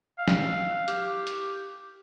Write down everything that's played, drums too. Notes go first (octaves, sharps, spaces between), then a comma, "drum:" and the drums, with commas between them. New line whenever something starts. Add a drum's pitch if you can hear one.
F5
drum: snare
G4, drum: hi-hat
drum: hi-hat